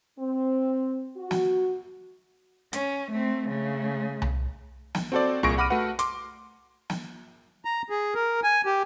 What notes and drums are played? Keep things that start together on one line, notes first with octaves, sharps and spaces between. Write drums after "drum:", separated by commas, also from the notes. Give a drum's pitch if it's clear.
C4
F#4
drum: snare
C#4, drum: hi-hat
A3 C4
C#3 A3
drum: tom C2
drum: snare
C4 F#4 A4 C5 D5
C2 A#2 G#4 C#6 A#6 D7, drum: tom C2
F#5 B5 D6 F6 D#7
A3 F#4 B4 F#5
C6 D6, drum: hi-hat
drum: snare
A#5
G#4
A#4
G#5
G4